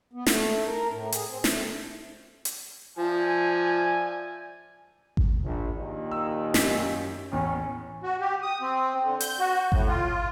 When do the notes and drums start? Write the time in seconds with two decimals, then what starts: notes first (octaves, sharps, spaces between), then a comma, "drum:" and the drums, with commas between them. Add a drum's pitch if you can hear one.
0.13 B3
0.26 A3, drum: snare
0.65 A#4
0.90 A2
1.12 G#4, drum: hi-hat
1.29 C4
1.44 A3, drum: snare
2.45 drum: hi-hat
2.98 F3 D5 E5 G#5
5.17 drum: kick G#1
5.44 A#1
5.76 D#2 A#2 D#3
6.11 E6
6.54 F#2 G4 B6, drum: snare
7.32 A1 E2 C#4
8.03 F#4
8.20 G4
8.42 D#6
8.61 C4
9.03 D3
9.20 G6, drum: hi-hat
9.39 F#4
9.72 A2, drum: kick G#1
9.88 F4